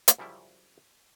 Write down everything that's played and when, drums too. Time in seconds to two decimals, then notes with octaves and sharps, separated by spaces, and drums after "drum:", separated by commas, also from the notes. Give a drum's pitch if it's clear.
0.08 drum: hi-hat
0.18 F#2 C#3 F3 G3 E4